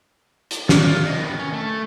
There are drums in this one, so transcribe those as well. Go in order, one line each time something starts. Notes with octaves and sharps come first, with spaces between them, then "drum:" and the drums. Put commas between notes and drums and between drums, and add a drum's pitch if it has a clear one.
drum: hi-hat
D5, drum: snare
F4
C3 D#5
D#3 B3
C#4
A3